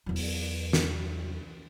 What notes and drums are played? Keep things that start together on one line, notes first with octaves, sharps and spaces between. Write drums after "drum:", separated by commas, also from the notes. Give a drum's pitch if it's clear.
E2 F#3
drum: open hi-hat
drum: snare